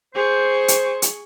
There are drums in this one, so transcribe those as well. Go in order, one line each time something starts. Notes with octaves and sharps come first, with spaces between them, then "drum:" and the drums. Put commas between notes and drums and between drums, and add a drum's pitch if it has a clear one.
G#4 C5 C#6
drum: hi-hat
drum: hi-hat